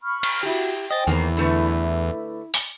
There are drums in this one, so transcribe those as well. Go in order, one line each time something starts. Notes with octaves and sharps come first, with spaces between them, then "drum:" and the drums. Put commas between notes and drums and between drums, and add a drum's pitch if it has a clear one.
B5 C#6 F6
drum: cymbal
E4 F#4 G4
C5 D#5 G5 G#5 A6
E2 D#3 A#3 E4 C5
D3 A3 B4
drum: open hi-hat